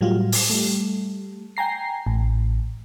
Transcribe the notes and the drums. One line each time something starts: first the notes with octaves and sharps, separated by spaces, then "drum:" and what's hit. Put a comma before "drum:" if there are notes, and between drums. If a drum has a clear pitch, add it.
A2 F#3 G3 F4
drum: open hi-hat
G3 A3
G5 G#5 A#5 C7
A1